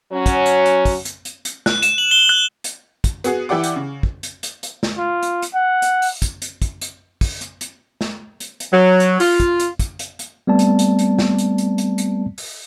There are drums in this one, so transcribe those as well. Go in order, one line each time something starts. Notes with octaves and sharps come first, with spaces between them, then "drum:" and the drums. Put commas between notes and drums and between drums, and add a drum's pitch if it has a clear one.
F#3 C#4
drum: kick, hi-hat
drum: hi-hat
drum: hi-hat
drum: kick, open hi-hat
drum: hi-hat
drum: hi-hat
drum: hi-hat
F#6, drum: snare
E7, drum: hi-hat
F#7
G7
F#6
drum: hi-hat
drum: kick, hi-hat
B3 F#4 G#4, drum: hi-hat
E3 E4 G4 D5 F#5 D6
drum: hi-hat
C#3
drum: kick
drum: hi-hat
drum: hi-hat
drum: hi-hat
drum: snare
F4
drum: hi-hat
drum: hi-hat
F#5
drum: hi-hat
drum: open hi-hat
drum: kick, hi-hat
drum: hi-hat
drum: kick, hi-hat
drum: hi-hat
drum: kick, open hi-hat
drum: hi-hat
drum: hi-hat
drum: snare
drum: hi-hat
drum: hi-hat
F#3
drum: hi-hat
F4, drum: open hi-hat
drum: kick, hi-hat
drum: hi-hat
drum: kick, hi-hat
drum: hi-hat
drum: hi-hat
G3 A3 B3 C4 D5 A5
drum: hi-hat
drum: hi-hat
drum: hi-hat
drum: snare
drum: hi-hat
drum: hi-hat
drum: hi-hat
drum: hi-hat
drum: open hi-hat